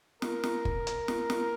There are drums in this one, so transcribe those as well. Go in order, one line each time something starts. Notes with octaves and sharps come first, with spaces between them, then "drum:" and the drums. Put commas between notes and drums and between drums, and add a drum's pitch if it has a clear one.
A#4, drum: snare
drum: snare
drum: kick
drum: hi-hat
drum: snare
drum: snare